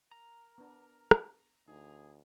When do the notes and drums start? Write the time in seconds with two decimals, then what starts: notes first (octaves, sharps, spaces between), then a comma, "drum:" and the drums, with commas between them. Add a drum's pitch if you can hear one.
0.11 A#4 A#5
0.58 B3 D4
1.11 drum: rim click
1.68 D2 D#4 G#4